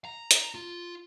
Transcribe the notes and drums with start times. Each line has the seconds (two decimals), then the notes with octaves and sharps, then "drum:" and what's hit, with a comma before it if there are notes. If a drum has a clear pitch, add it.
0.05 A#5
0.31 drum: hi-hat
0.55 F4